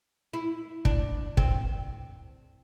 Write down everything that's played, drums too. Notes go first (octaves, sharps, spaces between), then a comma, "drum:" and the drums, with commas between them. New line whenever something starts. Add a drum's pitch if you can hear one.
E4
D4, drum: kick
C4, drum: kick